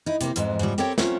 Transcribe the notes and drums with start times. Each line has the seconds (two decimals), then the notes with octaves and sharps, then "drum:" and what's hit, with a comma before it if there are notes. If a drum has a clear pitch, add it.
0.06 D#4 E4
0.21 C3 A#3, drum: hi-hat
0.36 F2 G#2 E3, drum: hi-hat
0.59 G#2 C#3 F3 G3
0.78 C4 G4 A4 A#4 C#5 G5
0.98 F#3 A3 C4 C#4 F4, drum: snare